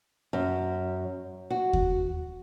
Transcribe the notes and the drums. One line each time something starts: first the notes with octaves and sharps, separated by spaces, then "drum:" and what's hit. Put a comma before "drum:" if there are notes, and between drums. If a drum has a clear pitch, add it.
F#2
F#4
drum: kick D#2